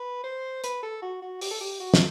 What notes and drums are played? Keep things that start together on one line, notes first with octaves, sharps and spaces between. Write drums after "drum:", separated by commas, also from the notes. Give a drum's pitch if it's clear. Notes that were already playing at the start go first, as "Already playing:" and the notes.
Already playing: B4
C5
B4, drum: hi-hat
A4
F#4
F#4
G4, drum: open hi-hat
A4
G4
F#4
drum: snare